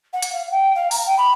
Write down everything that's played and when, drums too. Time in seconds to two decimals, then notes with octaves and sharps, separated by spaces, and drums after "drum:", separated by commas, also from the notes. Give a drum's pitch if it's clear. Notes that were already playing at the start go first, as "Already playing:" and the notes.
0.13 F#5
0.22 drum: hi-hat
0.33 F5
0.51 G5
0.75 F5
0.91 A#5, drum: open hi-hat
1.06 G5
1.18 B5